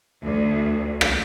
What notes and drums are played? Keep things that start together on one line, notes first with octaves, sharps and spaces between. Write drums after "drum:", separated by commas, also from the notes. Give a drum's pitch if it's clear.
D2
drum: rim click